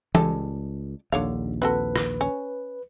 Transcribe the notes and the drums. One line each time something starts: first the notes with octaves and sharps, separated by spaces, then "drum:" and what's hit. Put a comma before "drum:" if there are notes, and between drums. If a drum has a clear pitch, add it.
C#2 G3 G#3 A4, drum: tom E3
A#1 D#2 D3 C#5 F5
C4 F#4 A4 B4
drum: rim click
C#4